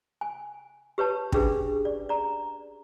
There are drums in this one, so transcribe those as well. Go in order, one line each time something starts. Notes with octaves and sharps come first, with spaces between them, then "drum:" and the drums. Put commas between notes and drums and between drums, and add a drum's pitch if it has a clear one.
G#5
G4 B4 C#5 A5
C#4 D4 G4 G#4 B4, drum: kick
D5
D5 A#5